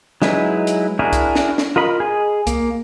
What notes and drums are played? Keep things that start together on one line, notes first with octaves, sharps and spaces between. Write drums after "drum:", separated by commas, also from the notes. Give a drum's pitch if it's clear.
F#3 G#3 D#4 E4 B4, drum: snare
drum: hi-hat
D4 E4 F#4 G#4 A#4
drum: kick C2, hi-hat
drum: snare
drum: snare
F4 A#4 D#5 B5
G#4 D#5
A#3, drum: kick C2, hi-hat